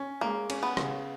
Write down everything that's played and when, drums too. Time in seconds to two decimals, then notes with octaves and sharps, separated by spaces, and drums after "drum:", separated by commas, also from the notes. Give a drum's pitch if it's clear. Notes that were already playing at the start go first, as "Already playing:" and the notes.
Already playing: C#4
0.21 G#3 A#3
0.50 C#4, drum: cymbal
0.63 B3
0.77 C#3, drum: rim click